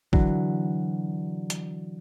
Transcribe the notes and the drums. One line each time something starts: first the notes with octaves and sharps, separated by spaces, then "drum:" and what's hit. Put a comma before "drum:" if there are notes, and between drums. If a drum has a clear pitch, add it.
D3 E3 F#3, drum: kick
drum: hi-hat